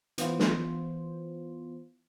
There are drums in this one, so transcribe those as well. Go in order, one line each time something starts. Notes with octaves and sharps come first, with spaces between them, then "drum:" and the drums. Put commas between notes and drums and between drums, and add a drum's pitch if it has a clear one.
E3 B3 F4 C5, drum: hi-hat
drum: snare